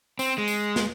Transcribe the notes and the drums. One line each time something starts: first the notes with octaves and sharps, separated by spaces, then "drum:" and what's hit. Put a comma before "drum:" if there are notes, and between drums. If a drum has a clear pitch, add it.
C4, drum: tambourine
G#3
drum: tambourine
drum: snare